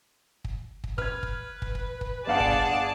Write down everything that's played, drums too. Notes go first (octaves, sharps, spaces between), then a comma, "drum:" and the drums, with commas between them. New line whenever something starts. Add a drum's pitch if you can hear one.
drum: kick
drum: kick
B4 F6 G#6, drum: kick
drum: kick
drum: kick
drum: kick
drum: kick
G1 G#4 D5 F5 F#5 A5
drum: kick
drum: kick